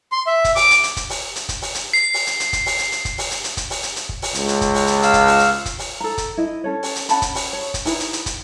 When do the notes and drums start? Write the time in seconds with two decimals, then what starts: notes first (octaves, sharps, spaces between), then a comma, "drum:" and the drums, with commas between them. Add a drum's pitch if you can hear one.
0.12 C6
0.27 E5
0.44 drum: kick, hi-hat
0.56 D6, drum: open hi-hat
0.71 drum: hi-hat
0.84 drum: hi-hat
0.97 drum: kick, hi-hat
1.10 drum: open hi-hat
1.36 drum: hi-hat
1.49 drum: kick, hi-hat
1.62 drum: open hi-hat
1.75 drum: hi-hat
1.93 C7
2.14 drum: open hi-hat
2.27 drum: hi-hat
2.40 drum: hi-hat
2.53 drum: kick, hi-hat
2.66 drum: open hi-hat
2.79 drum: hi-hat
2.92 drum: hi-hat
3.05 drum: kick, hi-hat
3.18 drum: open hi-hat
3.31 drum: hi-hat
3.44 drum: hi-hat
3.57 drum: kick, hi-hat
3.70 drum: open hi-hat
3.83 drum: hi-hat
3.96 drum: hi-hat
4.09 drum: kick
4.22 drum: open hi-hat
4.35 C#2, drum: hi-hat
4.48 drum: hi-hat
4.61 drum: kick, hi-hat
4.74 drum: open hi-hat
4.87 drum: hi-hat
5.03 F5 E6, drum: hi-hat
5.13 drum: kick, hi-hat
5.26 drum: open hi-hat
5.39 drum: hi-hat
5.66 drum: kick, hi-hat
5.79 drum: open hi-hat
6.00 A4 A#5
6.18 drum: kick, hi-hat
6.37 E4 D#5
6.64 C#4 A4 C#5
6.83 drum: open hi-hat
6.96 drum: hi-hat
7.09 C#4 F#5 A5 B5, drum: hi-hat
7.22 drum: kick, hi-hat
7.35 drum: open hi-hat
7.53 C#5
7.74 drum: kick, hi-hat
7.85 D#4 E4 B4, drum: open hi-hat
8.00 drum: hi-hat
8.13 drum: hi-hat
8.26 drum: kick, hi-hat